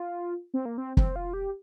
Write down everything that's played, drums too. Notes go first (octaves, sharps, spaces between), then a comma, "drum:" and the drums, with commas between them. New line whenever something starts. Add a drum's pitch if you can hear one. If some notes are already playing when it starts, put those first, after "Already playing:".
Already playing: F4
C4
A#3
C4
C4, drum: kick
F4
G4